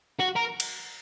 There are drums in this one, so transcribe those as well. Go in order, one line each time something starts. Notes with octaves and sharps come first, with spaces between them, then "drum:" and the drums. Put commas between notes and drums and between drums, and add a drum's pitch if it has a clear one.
F#4
A#4
drum: cymbal